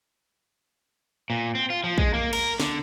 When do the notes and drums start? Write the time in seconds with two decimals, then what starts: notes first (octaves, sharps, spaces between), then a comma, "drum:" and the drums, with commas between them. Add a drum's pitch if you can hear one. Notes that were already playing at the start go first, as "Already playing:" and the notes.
1.30 A#2
1.55 C4
1.70 F4
1.84 F3
1.98 G#3, drum: kick
2.14 A#3
2.33 A#4, drum: cymbal
2.60 D3, drum: snare